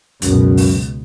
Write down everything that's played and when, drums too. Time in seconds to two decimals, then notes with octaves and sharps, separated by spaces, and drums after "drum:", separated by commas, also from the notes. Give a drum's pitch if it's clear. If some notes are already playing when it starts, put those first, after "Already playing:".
0.22 C#2 F#2 B2, drum: hi-hat
0.57 drum: open hi-hat